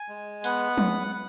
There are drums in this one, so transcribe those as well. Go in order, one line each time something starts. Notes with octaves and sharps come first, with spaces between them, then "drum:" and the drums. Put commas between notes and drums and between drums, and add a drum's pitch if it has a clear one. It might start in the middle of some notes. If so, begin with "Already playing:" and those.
Already playing: G#5
G#3
B3 F#5, drum: hi-hat
drum: tom F3